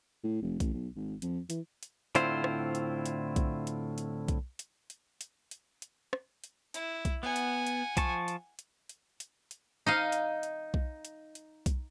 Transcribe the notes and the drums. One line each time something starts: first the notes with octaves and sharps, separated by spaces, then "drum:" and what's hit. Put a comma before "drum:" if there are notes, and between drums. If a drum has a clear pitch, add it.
A2
F1
A1, drum: kick B1, hi-hat
B1
G#1
F2, drum: hi-hat
E3, drum: hi-hat
drum: hi-hat
A2 D3 C4 E4 F4 C5, drum: hi-hat
drum: rim click
drum: hi-hat
drum: hi-hat
drum: kick B1, hi-hat
drum: hi-hat
drum: hi-hat
drum: kick B1, hi-hat
drum: hi-hat
drum: hi-hat
drum: hi-hat
drum: hi-hat
drum: hi-hat
drum: rim click
drum: hi-hat
E4, drum: hi-hat
drum: kick B1, hi-hat
B3 F#5 G#5
drum: hi-hat
drum: hi-hat
F3 A5 C#6, drum: kick B1, hi-hat
drum: hi-hat
drum: hi-hat
drum: hi-hat
drum: hi-hat
drum: hi-hat
D#4 D#5 F5
drum: hi-hat
drum: hi-hat
drum: kick B1
drum: hi-hat
drum: hi-hat
drum: kick B1, hi-hat